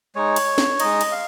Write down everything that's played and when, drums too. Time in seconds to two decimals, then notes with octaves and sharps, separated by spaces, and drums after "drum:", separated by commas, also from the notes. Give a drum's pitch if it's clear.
0.15 G#3 D#4 C#5
0.36 drum: cymbal
0.58 drum: snare
0.80 G#3 D#4 D#5, drum: cymbal
1.01 drum: cymbal
1.12 F5